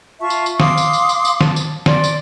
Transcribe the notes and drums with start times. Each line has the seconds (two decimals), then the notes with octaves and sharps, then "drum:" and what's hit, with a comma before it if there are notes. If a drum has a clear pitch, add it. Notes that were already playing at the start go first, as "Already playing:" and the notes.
0.21 F4 E5 A5 C#6
0.30 drum: tambourine
0.46 drum: tambourine
0.60 F5 C6 D6 D#6, drum: snare
0.78 drum: tambourine
0.93 drum: tambourine
1.09 drum: tambourine
1.25 drum: tambourine
1.41 A5, drum: snare
1.56 drum: tambourine
1.86 D5 C6, drum: snare
2.04 drum: tambourine